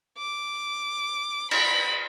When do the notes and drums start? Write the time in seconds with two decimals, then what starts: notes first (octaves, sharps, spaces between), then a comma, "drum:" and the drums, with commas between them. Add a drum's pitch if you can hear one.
0.18 D6
1.51 B5, drum: cymbal